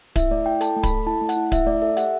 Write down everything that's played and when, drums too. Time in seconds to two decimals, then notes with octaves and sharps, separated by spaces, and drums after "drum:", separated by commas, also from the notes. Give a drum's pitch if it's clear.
0.16 E4 E5, drum: kick D1, hi-hat
0.31 A3 D5
0.46 E4 G5
0.61 A4 A5, drum: hi-hat
0.76 A3
0.83 B5, drum: kick D1, hi-hat
0.91 A4
1.07 E4 A5
1.21 A3
1.29 F#5, drum: hi-hat
1.36 E4
1.52 E4 E5, drum: kick D1, hi-hat
1.66 A3 D5
1.82 A4 E5
1.97 G4 F#5, drum: hi-hat